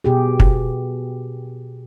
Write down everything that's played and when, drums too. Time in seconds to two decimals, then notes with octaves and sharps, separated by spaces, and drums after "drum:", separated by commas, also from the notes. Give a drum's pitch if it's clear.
0.04 B2 G4 G#4
0.40 drum: kick